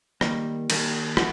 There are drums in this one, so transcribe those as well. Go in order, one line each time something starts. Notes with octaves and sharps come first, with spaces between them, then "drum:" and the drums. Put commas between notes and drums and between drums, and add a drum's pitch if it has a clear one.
D#3 G3 A#3, drum: rim click
D#3 G3 A#3, drum: cymbal
E3 F#4, drum: rim click